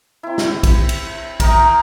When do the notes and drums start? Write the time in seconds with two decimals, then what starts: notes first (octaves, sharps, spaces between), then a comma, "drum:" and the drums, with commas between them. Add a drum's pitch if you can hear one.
0.23 C4 E4
0.38 drum: snare
0.63 drum: kick, cymbal
0.89 drum: cymbal
1.40 A#4 G5 A#5 D#6, drum: kick, cymbal